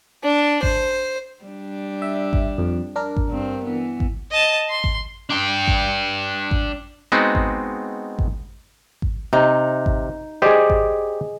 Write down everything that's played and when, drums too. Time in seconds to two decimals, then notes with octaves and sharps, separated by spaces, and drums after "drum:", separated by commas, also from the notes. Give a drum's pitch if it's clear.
0.24 D4
0.63 C5, drum: kick G#1
1.44 G3 D4
2.02 E5
2.33 drum: kick G#1
2.58 F2
2.96 D4 A#4
3.17 drum: kick G#1
3.29 G2 C4
3.65 E3 B3
4.00 drum: kick G#1
4.31 D#5 A5
4.70 C6
4.84 drum: kick G#1
5.30 D4 G5
5.68 drum: kick G#1
6.51 drum: kick G#1
7.12 G#3 B3 C4 D#4 F#4
7.35 drum: kick G#1
8.19 drum: kick G#1
9.02 drum: kick G#1
9.33 C3 D#4
9.86 drum: kick G#1
10.42 G4 G#4 C5 D5 D#5
10.70 drum: kick G#1